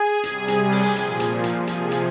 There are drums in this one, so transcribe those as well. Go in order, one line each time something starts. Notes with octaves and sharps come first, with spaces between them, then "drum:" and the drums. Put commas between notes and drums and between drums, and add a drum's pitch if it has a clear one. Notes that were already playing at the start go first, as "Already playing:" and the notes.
Already playing: G#4 G#5
C3 G3, drum: hi-hat
drum: hi-hat
drum: open hi-hat
A#2 F3, drum: hi-hat
drum: hi-hat
drum: hi-hat
C3 F3 G#4 G#5, drum: hi-hat
drum: hi-hat